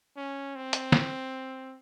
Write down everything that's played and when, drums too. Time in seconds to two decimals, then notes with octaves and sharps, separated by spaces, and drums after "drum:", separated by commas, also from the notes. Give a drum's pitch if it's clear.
0.17 C#4
0.56 C4
0.73 drum: hi-hat
0.92 drum: snare